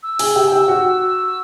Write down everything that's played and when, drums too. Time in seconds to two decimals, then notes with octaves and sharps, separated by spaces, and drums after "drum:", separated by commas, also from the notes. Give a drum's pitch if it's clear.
0.03 E6
0.19 G#4 G#5, drum: open hi-hat
0.35 G4 G5
0.51 G4 G5
0.68 F#4 F#5